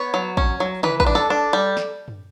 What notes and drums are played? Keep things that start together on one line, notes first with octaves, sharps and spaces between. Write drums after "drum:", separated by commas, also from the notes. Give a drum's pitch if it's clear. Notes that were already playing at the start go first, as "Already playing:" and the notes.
Already playing: B3 C#5
F#3
C#4, drum: kick
F#3
E3 B4, drum: tom
B4, drum: kick
D4
A4, drum: snare
D4
G3
drum: snare
drum: tom F#2